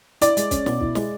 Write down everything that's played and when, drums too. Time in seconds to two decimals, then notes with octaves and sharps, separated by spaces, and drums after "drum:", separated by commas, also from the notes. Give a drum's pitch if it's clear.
0.21 E4 D5, drum: hi-hat
0.37 G#3, drum: hi-hat
0.51 C#4, drum: kick, hi-hat
0.66 B2, drum: snare
0.81 E4, drum: kick
0.95 G#3, drum: snare